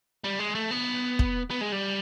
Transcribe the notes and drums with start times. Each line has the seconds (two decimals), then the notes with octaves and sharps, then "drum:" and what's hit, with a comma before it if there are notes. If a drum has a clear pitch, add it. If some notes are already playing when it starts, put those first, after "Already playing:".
0.24 G3
0.39 G#3
0.55 A3
0.71 B3
1.19 drum: kick
1.50 B3
1.61 G#3
1.72 G3